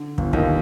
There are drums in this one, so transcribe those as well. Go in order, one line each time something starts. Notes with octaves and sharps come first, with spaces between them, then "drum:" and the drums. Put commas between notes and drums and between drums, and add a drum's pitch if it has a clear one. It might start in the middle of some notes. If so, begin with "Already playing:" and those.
Already playing: D3
G1, drum: kick
D#2 D#3, drum: kick